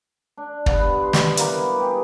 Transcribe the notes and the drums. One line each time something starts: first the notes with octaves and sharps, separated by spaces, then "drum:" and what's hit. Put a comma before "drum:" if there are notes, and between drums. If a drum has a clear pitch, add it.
D4
G2 B3 F5, drum: kick
C6
drum: snare
E3 A#3 B3, drum: hi-hat
G4 G#4